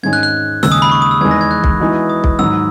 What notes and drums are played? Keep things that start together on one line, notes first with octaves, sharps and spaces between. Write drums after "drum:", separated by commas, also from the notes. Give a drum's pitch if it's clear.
G#2 D#3 G#3 C#4 G#6
F#6
F#6
D#2 C#3 G#3 E6, drum: snare
D#6
B5
C#6
D#6
E6
E2 D#3 G#3 G#6
A#6
G#6
F#6
drum: kick B1
E3 G#3 B3 D#4 F#4
D#6
drum: kick B1
G#2 D#3 F#3 E6